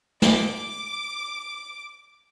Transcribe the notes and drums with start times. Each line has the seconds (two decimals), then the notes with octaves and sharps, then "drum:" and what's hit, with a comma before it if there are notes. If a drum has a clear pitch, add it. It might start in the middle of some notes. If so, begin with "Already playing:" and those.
0.22 D6 D7, drum: snare